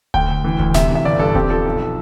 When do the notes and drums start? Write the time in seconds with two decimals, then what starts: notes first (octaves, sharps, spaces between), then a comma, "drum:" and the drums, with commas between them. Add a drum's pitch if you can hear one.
0.14 D2 G5, drum: kick D#1
0.29 D2
0.44 E3
0.59 D2, drum: kick D#1
0.74 C3 E5, drum: snare D1
0.90 E3
0.95 E5
1.05 G1 D5
1.19 G2 A4
1.35 C4 G4, drum: kick D#1
1.50 F3 A4
1.65 B1